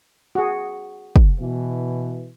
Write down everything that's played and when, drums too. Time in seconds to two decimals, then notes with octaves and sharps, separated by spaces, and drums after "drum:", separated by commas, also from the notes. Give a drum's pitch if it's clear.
0.35 F#4 G#4
1.16 drum: kick
1.39 B2 E3